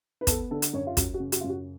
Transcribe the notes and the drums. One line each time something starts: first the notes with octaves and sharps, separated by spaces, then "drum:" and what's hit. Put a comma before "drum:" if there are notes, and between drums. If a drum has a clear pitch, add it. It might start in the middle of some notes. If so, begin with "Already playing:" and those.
B4
B3 A4, drum: kick, hi-hat
D3 A4
drum: hi-hat
F#2 C#5
F4
F#2 F#4, drum: kick, hi-hat
F#4
C#3
F#4, drum: hi-hat
F4
F#2
F#4